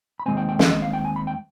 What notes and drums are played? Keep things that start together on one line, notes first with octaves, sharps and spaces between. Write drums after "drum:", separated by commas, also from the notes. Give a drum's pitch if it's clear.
B5
D#2 D#3 G#3 C4 G#5
G5
G5
F5, drum: snare
D#5
F5
G5
G#5
B5
G5